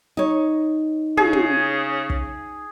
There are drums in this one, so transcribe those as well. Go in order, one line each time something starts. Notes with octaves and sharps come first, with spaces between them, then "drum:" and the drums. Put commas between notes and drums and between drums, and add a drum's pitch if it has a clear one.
D#4 C#5
C#3 G#4, drum: tom
drum: tom
drum: kick